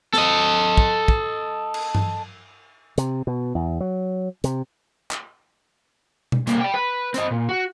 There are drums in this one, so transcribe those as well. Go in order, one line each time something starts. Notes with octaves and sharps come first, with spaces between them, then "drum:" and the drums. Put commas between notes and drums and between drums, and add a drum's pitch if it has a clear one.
A4 D#5, drum: snare
drum: kick
drum: kick
drum: cymbal
drum: tom G2
C3, drum: hi-hat
B2
E2
F#3
C3, drum: hi-hat
drum: clap
drum: tom B2
C2 A#3, drum: hi-hat
D5 G5
B4
C4 D#5, drum: hi-hat
A#2
F#4